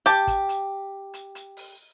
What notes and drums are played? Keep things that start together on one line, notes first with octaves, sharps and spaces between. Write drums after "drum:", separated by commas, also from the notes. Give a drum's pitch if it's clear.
G4 A5, drum: hi-hat
drum: kick, hi-hat
drum: hi-hat
drum: hi-hat
drum: hi-hat
drum: open hi-hat